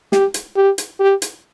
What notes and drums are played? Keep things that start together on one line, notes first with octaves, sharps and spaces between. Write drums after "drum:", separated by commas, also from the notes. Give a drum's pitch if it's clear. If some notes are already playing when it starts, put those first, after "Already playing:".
G4, drum: snare
drum: hi-hat
G4
drum: hi-hat
G4
drum: hi-hat